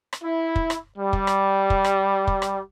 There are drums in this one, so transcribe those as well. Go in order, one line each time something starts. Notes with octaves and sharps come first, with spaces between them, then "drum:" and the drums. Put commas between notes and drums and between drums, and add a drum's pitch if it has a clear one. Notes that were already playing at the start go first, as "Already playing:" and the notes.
drum: rim click
E4
drum: kick
drum: rim click
G3
drum: kick
drum: rim click
drum: kick
drum: rim click
drum: kick
drum: rim click